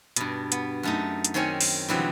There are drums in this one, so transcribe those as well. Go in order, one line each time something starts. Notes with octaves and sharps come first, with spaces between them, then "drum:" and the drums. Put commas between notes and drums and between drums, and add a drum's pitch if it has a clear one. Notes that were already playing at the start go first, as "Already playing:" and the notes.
G2 B2, drum: hi-hat
B3, drum: hi-hat
F#2 A3 D#4
drum: hi-hat
D#3 C4 C#4 C#5 G#5
drum: open hi-hat
B2 D3 E3 F#3 G3 C4